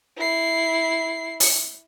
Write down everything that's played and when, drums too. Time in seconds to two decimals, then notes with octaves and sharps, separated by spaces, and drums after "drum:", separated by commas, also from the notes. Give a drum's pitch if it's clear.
0.17 E4 C7
1.40 drum: open hi-hat